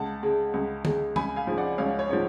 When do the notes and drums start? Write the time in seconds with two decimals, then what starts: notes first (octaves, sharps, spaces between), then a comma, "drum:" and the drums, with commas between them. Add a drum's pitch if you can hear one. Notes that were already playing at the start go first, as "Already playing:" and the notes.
Already playing: C#2 F#5 A5
0.23 C#3 G#3
0.54 C#2
0.85 C#3 G#3, drum: tom D3
1.16 C#2 G#5 B5, drum: tom E3
1.36 F5 G#5
1.47 C#3 F3
1.58 D5 F#5
1.78 C#2 C#5 F5
1.99 C#5
2.09 C#3 F3 C#5